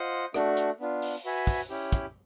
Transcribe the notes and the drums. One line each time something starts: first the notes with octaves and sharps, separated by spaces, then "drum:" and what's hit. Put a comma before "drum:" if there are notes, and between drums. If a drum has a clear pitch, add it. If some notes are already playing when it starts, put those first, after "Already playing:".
Already playing: F4 C5 D#5 F#5
A3 D4 F#4, drum: rim click
drum: hi-hat
B3 D4 F4
drum: open hi-hat
F#4 B4 E5 G#5
drum: kick, open hi-hat
C#4 E4 G4
drum: kick, hi-hat